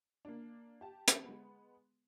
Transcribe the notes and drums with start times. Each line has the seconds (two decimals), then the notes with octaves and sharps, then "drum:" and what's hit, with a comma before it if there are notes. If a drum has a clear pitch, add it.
0.25 A#3 D4
0.81 G4 A5
1.08 drum: hi-hat
1.24 G#3 B3